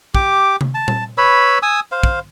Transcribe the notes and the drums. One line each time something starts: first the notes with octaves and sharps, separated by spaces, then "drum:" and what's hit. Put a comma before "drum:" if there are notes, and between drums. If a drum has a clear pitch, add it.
G4 D6, drum: kick
drum: tom C3
A5
drum: tom A#2
B4 C#5 B5 E6
G#5 D#6 E6
C5 F5
drum: kick